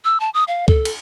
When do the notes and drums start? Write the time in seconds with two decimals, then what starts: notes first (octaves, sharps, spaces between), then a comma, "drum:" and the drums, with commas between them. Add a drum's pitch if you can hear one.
0.05 E6
0.20 A5
0.34 D#6
0.48 F5
0.68 A4, drum: kick C#2
0.85 drum: cymbal